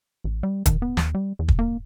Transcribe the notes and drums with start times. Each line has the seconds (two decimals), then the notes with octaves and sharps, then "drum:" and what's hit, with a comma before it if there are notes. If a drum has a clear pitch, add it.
0.24 A1
0.43 G3
0.66 D#3, drum: kick, hi-hat
0.82 B3
0.97 D#2, drum: snare
1.15 G3
1.39 E2
1.48 drum: kick
1.59 A#3